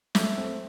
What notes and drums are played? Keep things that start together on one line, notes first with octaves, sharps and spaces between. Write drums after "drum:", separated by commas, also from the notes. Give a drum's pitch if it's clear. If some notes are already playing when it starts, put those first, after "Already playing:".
A3 E5, drum: snare
C4